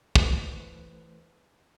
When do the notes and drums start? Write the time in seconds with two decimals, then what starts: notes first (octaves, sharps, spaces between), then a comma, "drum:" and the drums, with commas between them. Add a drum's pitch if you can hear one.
0.16 E3 A3 B4 C5 F#6, drum: kick